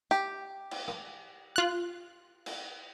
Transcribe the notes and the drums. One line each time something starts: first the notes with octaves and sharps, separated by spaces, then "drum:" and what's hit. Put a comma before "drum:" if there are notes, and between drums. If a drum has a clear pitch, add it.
G4, drum: hi-hat
drum: cymbal
drum: rim click
F4 F#6
drum: cymbal